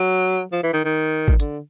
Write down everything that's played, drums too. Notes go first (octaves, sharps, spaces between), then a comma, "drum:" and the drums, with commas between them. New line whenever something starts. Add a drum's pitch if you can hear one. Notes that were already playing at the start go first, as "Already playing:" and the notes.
Already playing: F#3
F3
E3
D#3
D#3
drum: kick G#1
D3, drum: hi-hat